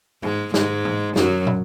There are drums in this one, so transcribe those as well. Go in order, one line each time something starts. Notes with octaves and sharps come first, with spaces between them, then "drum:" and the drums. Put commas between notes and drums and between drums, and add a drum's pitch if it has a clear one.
G#2 G#3, drum: tom
G#2 G#3, drum: snare
drum: tom G#2
F#2 F#3, drum: snare
drum: tom